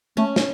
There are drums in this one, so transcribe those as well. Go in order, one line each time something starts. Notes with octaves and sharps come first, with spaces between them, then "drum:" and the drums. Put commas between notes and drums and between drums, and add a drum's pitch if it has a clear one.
A3 C#4
drum: snare